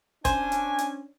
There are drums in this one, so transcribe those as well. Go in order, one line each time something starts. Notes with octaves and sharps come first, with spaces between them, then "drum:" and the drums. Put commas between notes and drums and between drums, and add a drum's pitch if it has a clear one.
C#4 D4 C5 G#5, drum: kick, hi-hat
drum: hi-hat
drum: hi-hat